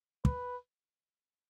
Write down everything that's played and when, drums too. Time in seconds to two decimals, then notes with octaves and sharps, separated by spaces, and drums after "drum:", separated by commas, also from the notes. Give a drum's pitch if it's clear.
0.25 B4, drum: kick